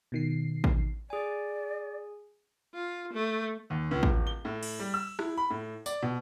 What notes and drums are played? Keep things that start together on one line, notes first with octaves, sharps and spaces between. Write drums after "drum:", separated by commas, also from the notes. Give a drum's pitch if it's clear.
B2 D#3 C7
drum: kick
G#4 D5 G#5
F4
A3
D#2
C#2
D1, drum: kick
G7
A2
drum: cymbal
G3
E6
E4, drum: rim click
B5
A2
D5, drum: tambourine
B2